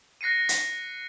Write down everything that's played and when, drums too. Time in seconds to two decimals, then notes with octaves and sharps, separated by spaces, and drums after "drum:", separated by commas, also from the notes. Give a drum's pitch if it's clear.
0.21 F#6 A#6 C7 C#7 D#7
0.49 drum: hi-hat